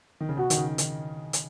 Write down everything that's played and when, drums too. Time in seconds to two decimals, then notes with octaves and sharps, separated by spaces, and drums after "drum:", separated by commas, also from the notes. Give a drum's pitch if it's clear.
0.21 D#3
0.29 C#3
0.37 B2 F#4
0.50 D#3, drum: hi-hat
0.58 C#3
0.78 D#3, drum: hi-hat
1.33 drum: hi-hat